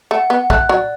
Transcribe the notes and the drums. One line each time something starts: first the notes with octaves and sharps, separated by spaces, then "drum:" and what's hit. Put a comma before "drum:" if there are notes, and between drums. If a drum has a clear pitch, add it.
A3 F#5
B3 F#5
A3 F#6, drum: kick
F#3 D5